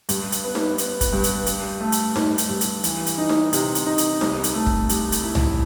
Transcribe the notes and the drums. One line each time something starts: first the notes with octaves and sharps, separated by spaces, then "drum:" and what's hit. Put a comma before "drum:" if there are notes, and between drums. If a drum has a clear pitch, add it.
G2, drum: hi-hat
drum: hi-hat
B3
drum: snare D#4
B3, drum: hi-hat
drum: kick, hi-hat
G2
drum: hi-hat
G2, drum: hi-hat
A3
drum: hi-hat
G2, drum: snare D#4
drum: hi-hat
G2
drum: hi-hat
E3, drum: hi-hat
drum: hi-hat
D#4
drum: snare D#4
C3, drum: hi-hat
drum: hi-hat
D#4
drum: hi-hat
C2, drum: snare D#4
drum: hi-hat
A3
drum: kick
C2, drum: hi-hat
drum: hi-hat
E4
drum: tom C2